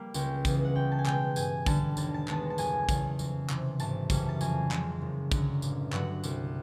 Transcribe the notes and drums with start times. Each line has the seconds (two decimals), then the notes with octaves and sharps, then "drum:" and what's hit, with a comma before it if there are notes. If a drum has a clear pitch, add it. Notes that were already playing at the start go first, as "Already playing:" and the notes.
Already playing: G3 A#3
0.14 C#2 G5, drum: tambourine
0.45 C#3 E3 G#3 B3, drum: kick, tambourine
0.65 F#5
0.75 C#2 G5
0.91 A5
0.99 G#5
1.06 B2 G#3 G5, drum: clap
1.36 G2 G#5, drum: tambourine
1.66 D3 G3 A5, drum: kick, tambourine
1.97 D#2 A5, drum: tambourine
2.14 A5
2.28 D#3 G#3 B3 A5, drum: clap
2.50 A5
2.58 F#1 G#5, drum: tambourine
2.89 E2 C#3, drum: kick, tambourine
3.19 F2, drum: tambourine
3.50 C3 E3, drum: clap
3.80 G#1 A5, drum: tambourine
4.10 F#2 C#3 E3 G3, drum: kick, tambourine
4.29 A5
4.41 F2 G#5, drum: tambourine
4.71 C#3 F3 G#3, drum: clap
5.02 F#1
5.32 F#2 D3 F#3, drum: kick, tambourine
5.62 A1, drum: tambourine
5.93 G2 D3 F#3 F#5, drum: clap
6.24 C2, drum: tambourine